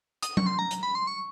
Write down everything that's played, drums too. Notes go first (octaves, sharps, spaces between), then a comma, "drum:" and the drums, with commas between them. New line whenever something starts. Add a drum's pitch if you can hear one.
D#6, drum: hi-hat
C#6, drum: tom F#3
C6
A#5
drum: hi-hat
B5
C6
C#6